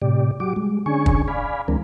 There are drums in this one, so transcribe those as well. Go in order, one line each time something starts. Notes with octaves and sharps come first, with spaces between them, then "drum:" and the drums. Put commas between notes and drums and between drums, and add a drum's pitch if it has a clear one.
A2 C3 G4 D5
F#3 F#4 G4 D6
G3 G#3
D3 C#4 D4 G#4 G#5 C#6
drum: kick
D5 F5 G#5 B5
D2 E3 G#3 C4 D4 A#4